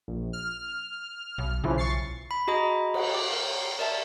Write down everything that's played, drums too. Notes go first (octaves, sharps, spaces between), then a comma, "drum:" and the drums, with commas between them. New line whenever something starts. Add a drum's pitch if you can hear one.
A#1
F6
B1
B1 C#3 E3 F3
C#6 A6 C7
B5
F#4 G#4 D#5 A#5 B5
drum: cymbal
D6
A#4
A#4 D5 E5 A5